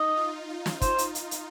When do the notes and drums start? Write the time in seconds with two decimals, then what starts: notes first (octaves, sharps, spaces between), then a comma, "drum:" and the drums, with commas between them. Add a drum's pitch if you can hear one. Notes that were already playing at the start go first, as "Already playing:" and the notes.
Already playing: D#4 D#5
0.17 F4
0.50 D#4
0.66 drum: snare
0.81 C5, drum: kick, hi-hat
0.98 drum: hi-hat
1.15 drum: hi-hat
1.31 drum: hi-hat